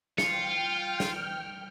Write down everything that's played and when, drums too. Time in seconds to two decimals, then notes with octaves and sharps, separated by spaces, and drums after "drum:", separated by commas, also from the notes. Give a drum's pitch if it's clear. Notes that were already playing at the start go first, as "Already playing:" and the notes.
0.18 F4 G5 F6 C#7, drum: snare
1.00 drum: snare